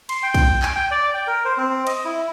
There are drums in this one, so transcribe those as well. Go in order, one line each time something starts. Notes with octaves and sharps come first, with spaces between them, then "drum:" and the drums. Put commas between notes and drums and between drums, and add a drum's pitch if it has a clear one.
C6, drum: cymbal
G5
drum: kick, cymbal
G#5, drum: clap
G5
D5
G5
A#4
C5
C4
D#5, drum: cymbal
E4